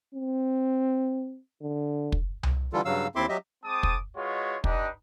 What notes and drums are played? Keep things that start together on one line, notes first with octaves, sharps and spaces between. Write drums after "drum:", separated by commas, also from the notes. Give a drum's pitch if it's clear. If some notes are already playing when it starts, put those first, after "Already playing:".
C4
D3
drum: kick
drum: tom C2
D3 E3 G3 F4 A4
G2 C#3 F#3 F5 E6
D#2 C4 E4 E5 C6 D6
F#3 G4 D#5 E5
G#3 C4 A5 D6 D#6
drum: kick
G#3 F4 F#4 B4 C#5 D#5
D4 D#4 G4 B4 D#5, drum: kick